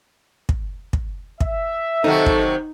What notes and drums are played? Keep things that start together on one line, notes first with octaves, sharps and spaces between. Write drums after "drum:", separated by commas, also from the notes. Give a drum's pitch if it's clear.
drum: kick
drum: kick
E5, drum: kick
C3 D#3 F#3 D#4 A4
drum: kick